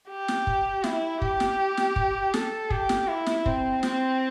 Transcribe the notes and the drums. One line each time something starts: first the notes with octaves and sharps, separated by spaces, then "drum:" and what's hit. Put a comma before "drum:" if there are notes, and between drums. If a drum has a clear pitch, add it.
G4
drum: snare
drum: kick
E4, drum: snare
G4, drum: kick
drum: snare
drum: snare
drum: kick
A4, drum: snare
G4, drum: kick
drum: snare
E4
drum: snare
C4, drum: kick
C4, drum: snare